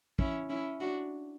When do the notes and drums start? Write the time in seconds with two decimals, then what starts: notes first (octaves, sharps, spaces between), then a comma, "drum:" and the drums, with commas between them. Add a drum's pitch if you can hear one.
0.19 C#4 E4, drum: kick
0.50 C#4 E4
0.80 D4 F#4